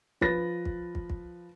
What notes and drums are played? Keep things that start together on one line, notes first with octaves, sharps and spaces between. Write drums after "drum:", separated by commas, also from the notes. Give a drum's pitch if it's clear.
F3 B4 A6 A#6, drum: kick
drum: kick
drum: kick
drum: kick